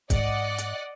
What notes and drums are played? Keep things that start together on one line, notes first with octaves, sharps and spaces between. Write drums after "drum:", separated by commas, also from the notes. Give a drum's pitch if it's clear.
G#2 D5 D#5 F#5, drum: kick, hi-hat
drum: hi-hat